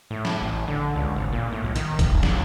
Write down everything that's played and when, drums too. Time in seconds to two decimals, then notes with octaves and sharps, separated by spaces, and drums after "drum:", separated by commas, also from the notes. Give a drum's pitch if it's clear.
0.11 A2
0.25 drum: snare
0.41 A1
0.68 D3
0.96 C#2
1.16 G#1
1.33 A#2
1.52 A2
1.64 B1
1.76 D#3, drum: hi-hat
1.99 D#1, drum: kick G1, hi-hat
2.23 D#2, drum: snare